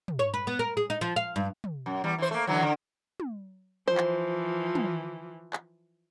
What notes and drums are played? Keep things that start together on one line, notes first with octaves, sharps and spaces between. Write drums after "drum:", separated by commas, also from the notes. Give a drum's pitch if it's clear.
drum: tom
C#5
B4
B3
A#4
G#4
D#4
F3
F5
G2
drum: tom
F#2
E2 G3
E3 C5
A3 A#3
D3 E3 F#3
D3
drum: tom
E3 F3 C5
drum: clap
drum: tom
drum: clap